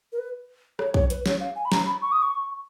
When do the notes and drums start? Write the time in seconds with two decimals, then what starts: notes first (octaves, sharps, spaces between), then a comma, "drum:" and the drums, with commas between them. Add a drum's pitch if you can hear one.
0.12 A#4
0.18 B4
0.79 C#5, drum: rim click
0.94 C#5, drum: kick
1.10 B4, drum: hi-hat
1.26 C#5, drum: snare
1.40 F5
1.56 G#5
1.65 B5
1.72 A#5, drum: snare
1.86 B5
2.02 C#6
2.12 D#6
2.22 C#6